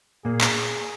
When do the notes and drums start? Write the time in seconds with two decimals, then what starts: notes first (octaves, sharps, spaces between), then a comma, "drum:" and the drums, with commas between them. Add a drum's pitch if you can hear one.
0.25 A#2 A#3 G#4
0.41 drum: clap